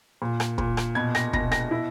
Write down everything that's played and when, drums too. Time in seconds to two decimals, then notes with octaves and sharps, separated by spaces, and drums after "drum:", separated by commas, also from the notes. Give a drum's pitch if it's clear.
0.22 A#2
0.40 drum: rim click
0.58 A#2, drum: kick
0.77 drum: rim click
0.95 B2 G#6
1.15 A#6, drum: rim click
1.33 B2 A#6, drum: kick
1.52 A#6, drum: rim click
1.71 E4